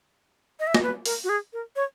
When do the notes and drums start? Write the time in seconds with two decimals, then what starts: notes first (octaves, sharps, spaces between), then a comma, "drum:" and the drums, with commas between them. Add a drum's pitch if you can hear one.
0.60 D#5
0.67 E5
0.75 D#5, drum: snare
0.83 B4
1.06 A#4, drum: open hi-hat
1.24 F#4
1.29 G#4
1.53 A#4
1.76 C#5